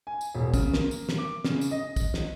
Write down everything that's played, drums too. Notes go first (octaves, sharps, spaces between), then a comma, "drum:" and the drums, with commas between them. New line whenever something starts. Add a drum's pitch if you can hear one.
G#5
drum: tambourine
E1
C#3, drum: kick, tambourine
A#3, drum: snare
drum: tambourine
drum: snare
D6
C#3, drum: snare
drum: tambourine
D#5
drum: kick, tambourine
drum: snare